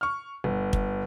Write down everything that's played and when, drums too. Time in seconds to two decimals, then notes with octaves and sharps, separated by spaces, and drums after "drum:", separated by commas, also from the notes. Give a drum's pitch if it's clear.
0.01 C#6 F6
0.44 G1
0.73 drum: kick